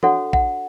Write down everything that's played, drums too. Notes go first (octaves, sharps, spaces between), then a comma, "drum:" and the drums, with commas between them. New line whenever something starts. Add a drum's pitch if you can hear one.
D4 F#4 A4 C#5 F#5, drum: tom E3
F#5, drum: kick